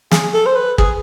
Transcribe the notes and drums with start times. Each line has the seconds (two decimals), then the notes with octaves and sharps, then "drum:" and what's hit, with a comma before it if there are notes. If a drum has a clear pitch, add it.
0.11 G#4, drum: snare
0.34 A4
0.46 C5
0.56 B4
0.78 G#4, drum: kick